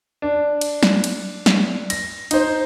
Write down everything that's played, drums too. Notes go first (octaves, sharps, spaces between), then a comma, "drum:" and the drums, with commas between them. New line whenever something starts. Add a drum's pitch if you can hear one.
D4
drum: cymbal
drum: snare
drum: cymbal
drum: snare
A#6, drum: cymbal
D#4 C5, drum: cymbal